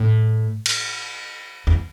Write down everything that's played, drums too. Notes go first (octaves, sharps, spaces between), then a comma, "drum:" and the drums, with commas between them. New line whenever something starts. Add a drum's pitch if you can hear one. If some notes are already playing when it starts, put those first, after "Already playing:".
Already playing: A2
drum: cymbal
E2